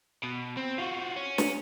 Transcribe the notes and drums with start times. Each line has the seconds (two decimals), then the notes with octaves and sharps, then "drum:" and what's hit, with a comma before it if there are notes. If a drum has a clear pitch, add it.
0.24 B2
0.57 C4
0.78 F4 F#4
1.16 C#4
1.38 drum: snare